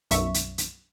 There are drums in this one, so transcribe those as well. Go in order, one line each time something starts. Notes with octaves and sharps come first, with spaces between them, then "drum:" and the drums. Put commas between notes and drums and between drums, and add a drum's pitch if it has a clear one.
B1 F#2 E5 C#6, drum: hi-hat
drum: hi-hat
drum: hi-hat